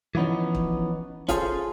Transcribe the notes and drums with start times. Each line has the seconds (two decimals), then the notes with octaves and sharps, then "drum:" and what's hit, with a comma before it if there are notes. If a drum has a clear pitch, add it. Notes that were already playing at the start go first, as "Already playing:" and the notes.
0.15 E3 F3 B3 C#4 D#4
0.55 drum: kick
1.29 C#4 F4 G#4 A4 C5, drum: kick, hi-hat